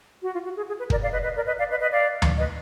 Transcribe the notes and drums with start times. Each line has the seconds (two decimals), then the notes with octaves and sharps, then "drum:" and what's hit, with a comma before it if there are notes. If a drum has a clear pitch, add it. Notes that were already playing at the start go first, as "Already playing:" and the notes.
0.21 F#4
0.34 F4
0.44 F#4
0.56 G#4
0.68 G#4
0.78 B4
0.90 A#4 D5, drum: kick
1.02 D5 F5
1.13 B4 D#5
1.24 B4 D#5
1.36 A#4 D5
1.47 B4 D#5
1.59 D5 F5
1.70 B4 D#5
1.81 B4 D#5
1.92 D5 F5
2.22 drum: tom D2
2.38 B4 D#5